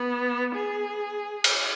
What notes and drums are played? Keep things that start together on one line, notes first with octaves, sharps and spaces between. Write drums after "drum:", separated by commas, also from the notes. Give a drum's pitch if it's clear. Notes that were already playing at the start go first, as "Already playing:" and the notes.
Already playing: B3
G#4
drum: cymbal